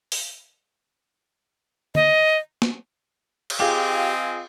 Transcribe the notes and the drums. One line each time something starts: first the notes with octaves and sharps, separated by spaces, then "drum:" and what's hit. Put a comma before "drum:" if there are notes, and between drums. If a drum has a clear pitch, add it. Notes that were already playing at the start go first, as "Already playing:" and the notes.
drum: open hi-hat
D#5, drum: tom D3
drum: snare A#3
drum: cymbal
C4 F4 G4 G#4 D#5 G#5